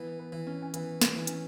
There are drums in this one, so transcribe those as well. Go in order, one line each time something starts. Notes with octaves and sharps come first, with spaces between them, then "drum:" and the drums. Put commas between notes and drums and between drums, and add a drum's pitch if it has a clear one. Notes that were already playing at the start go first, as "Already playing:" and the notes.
Already playing: E3 B3
B3
E3
C#4
C#4
E3 B3, drum: hi-hat
drum: snare
E3 B3
C#4, drum: hi-hat